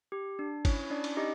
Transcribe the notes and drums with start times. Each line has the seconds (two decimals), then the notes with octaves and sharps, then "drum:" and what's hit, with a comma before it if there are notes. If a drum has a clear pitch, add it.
0.12 G4
0.39 D4
0.65 C#4 E4 C#5, drum: kick G#1, cymbal
0.90 C#4 D4 D5
1.04 drum: cymbal
1.17 D#4 G4 D#5